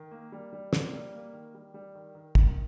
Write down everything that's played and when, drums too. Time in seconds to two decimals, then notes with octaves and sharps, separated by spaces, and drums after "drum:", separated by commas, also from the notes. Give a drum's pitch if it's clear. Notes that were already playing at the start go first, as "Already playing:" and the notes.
Already playing: D#3
0.11 A#3
0.32 G3
0.53 G3
0.73 A#3, drum: snare
0.93 G3
1.13 A#3
1.33 D#3
1.54 G3
1.74 G3
1.95 D#3
2.15 D#3
2.35 D#3, drum: kick